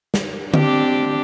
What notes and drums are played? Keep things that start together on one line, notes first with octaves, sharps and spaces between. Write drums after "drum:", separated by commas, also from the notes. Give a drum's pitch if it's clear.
drum: snare
C4 D4 G4, drum: tom D3